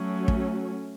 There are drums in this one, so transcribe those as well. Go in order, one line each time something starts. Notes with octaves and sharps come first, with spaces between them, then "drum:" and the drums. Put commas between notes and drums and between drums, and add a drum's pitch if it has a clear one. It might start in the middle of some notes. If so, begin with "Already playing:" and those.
Already playing: F#3 A3 C#4
drum: kick